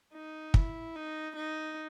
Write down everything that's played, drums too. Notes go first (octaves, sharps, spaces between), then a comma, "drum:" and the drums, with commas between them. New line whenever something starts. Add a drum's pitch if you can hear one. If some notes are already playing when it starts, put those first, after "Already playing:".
D#4
E4, drum: kick
D#4
D#4